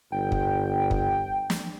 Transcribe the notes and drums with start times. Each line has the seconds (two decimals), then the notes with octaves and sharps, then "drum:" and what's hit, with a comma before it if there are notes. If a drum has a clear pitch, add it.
0.12 G1 G5
0.32 drum: kick
0.91 drum: kick
1.50 drum: snare